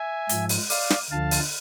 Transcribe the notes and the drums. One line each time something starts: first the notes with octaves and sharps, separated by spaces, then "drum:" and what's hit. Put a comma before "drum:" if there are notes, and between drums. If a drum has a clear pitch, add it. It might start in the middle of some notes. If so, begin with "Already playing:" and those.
Already playing: E5 G#5
G#2 F3, drum: hi-hat
drum: open hi-hat
D5 F5, drum: open hi-hat
drum: snare
D2 D3 F3 F5 A5
drum: open hi-hat